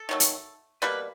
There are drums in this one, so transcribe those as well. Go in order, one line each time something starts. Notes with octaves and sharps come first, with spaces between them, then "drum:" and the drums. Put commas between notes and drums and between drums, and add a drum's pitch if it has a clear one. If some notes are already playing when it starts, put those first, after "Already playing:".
Already playing: A4
D#3 F#3 A3
drum: hi-hat
B2 G3 A#3 B4